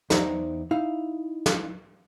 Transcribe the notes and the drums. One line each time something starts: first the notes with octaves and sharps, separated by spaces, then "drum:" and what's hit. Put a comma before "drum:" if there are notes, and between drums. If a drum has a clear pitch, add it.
E2 D#4 C5 D5 A#5, drum: snare
D#4 E4 F5
drum: snare